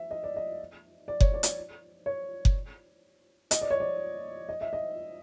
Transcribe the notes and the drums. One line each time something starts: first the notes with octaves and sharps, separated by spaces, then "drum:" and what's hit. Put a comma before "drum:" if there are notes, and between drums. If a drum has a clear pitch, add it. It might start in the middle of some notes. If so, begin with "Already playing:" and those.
Already playing: E5
D#5
D5
D#5
D5
C#5, drum: kick F#1
D5
drum: hi-hat
C#5
drum: kick F#1
D#5, drum: hi-hat
D5
C#5
D5
D#5
E5
D#5